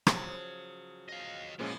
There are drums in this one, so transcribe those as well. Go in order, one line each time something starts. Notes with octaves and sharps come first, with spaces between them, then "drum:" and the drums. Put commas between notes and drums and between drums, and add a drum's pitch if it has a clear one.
C#3 F3 F#3, drum: rim click
D#5 F5
A#2 F3 G#3 A#3 B3 C#4 E4 F4